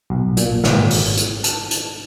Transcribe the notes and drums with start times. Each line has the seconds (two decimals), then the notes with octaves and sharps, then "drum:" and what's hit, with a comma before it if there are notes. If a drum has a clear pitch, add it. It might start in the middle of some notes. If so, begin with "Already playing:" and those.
0.10 B1
0.37 A#2, drum: hi-hat
0.64 drum: snare
0.73 G#1
0.90 drum: open hi-hat
1.17 drum: hi-hat
1.44 A5, drum: hi-hat
1.71 drum: hi-hat